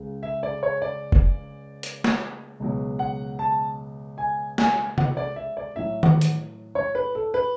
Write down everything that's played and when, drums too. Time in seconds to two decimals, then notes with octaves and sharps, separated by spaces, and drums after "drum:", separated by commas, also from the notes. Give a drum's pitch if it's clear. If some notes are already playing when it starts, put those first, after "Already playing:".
Already playing: C#2 C#3 G#3
0.23 E5
0.43 D5
0.63 C#5
0.82 D5
1.12 drum: kick F1
1.83 drum: hi-hat
2.04 drum: snare
2.60 C#2 B2 F#3
2.99 F#5
3.39 A5
4.18 G#5
4.58 G#5, drum: snare
4.98 F#5, drum: tom C3
5.17 D5
5.36 E5
5.57 D5
5.76 A2 F#3 E5
6.03 F#5, drum: tom D#3
6.21 drum: hi-hat
6.75 C#5
6.95 B4
7.15 A4
7.34 B4